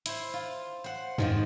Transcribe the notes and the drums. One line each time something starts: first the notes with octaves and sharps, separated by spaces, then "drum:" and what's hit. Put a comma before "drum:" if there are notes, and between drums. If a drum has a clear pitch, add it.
E4 C5, drum: hi-hat
F4
C5 F#5
G#2 D#3 F3, drum: tom F2